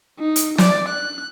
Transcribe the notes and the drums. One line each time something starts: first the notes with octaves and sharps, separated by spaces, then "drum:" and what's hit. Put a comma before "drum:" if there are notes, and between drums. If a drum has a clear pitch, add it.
D#4
drum: hi-hat
D5, drum: snare
F#6